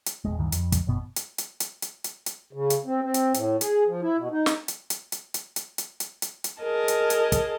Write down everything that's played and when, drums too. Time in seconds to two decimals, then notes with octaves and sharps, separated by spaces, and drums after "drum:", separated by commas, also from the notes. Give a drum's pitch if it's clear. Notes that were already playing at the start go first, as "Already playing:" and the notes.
0.06 drum: hi-hat
0.25 E1 C#2 G#3
0.39 D2 G2 D#3 E3
0.52 F2, drum: hi-hat
0.72 drum: kick, hi-hat
0.87 G1 F#2 B2 B3
1.16 drum: hi-hat
1.38 drum: hi-hat
1.60 drum: hi-hat
1.82 drum: hi-hat
2.04 drum: hi-hat
2.26 drum: hi-hat
2.53 C#3
2.70 drum: hi-hat
2.86 C4
3.03 C4
3.14 drum: hi-hat
3.34 A2, drum: hi-hat
3.61 G#4, drum: hi-hat
3.87 F3
4.02 E4
4.17 B2
4.31 D#4
4.46 drum: snare
4.68 drum: hi-hat
4.90 drum: hi-hat
5.12 drum: hi-hat
5.34 drum: hi-hat
5.56 drum: hi-hat
5.78 drum: hi-hat
6.00 drum: hi-hat
6.22 drum: hi-hat
6.44 drum: hi-hat
6.62 G#4 A#4 D#5 A5
6.88 drum: hi-hat
7.10 drum: hi-hat
7.32 drum: kick, hi-hat